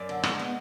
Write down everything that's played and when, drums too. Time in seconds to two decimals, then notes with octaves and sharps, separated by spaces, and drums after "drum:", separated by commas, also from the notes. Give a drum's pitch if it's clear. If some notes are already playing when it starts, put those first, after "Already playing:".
Already playing: F#2 D5
0.09 D3
0.23 G#3, drum: rim click
0.39 B3